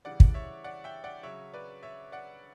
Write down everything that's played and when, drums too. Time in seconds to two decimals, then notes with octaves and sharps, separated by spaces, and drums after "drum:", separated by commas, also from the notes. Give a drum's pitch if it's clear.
0.04 C#3 E3 G3 D5 F#5
0.20 drum: kick
0.34 C#5 E5
0.64 D5 F#5
0.84 E5 G5
1.04 D5 F#5
1.23 C#3 F#3 C#5 E5
1.54 B4 D5
1.83 C#5 E5
2.12 D5 F#5